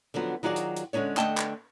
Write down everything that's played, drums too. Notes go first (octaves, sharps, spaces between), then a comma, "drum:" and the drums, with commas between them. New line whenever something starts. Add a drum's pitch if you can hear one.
D3 F3 F#3 B3
D#3 F#3 F4 F#4 G#4 D5
drum: hi-hat
drum: hi-hat
D3 G#3 C#4 D4 C#5
D3 A3 D#5 G5 A5, drum: clap
drum: clap